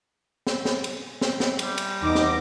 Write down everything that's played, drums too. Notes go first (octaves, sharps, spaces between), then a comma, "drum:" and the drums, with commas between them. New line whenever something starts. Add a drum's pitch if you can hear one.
drum: snare
drum: snare
drum: cymbal
drum: snare
drum: snare
G3, drum: cymbal
drum: cymbal
E2 B3 D#4 D6 A#6
drum: snare